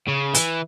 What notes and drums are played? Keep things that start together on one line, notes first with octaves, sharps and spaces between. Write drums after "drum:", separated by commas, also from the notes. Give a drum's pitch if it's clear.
C#3
E3, drum: hi-hat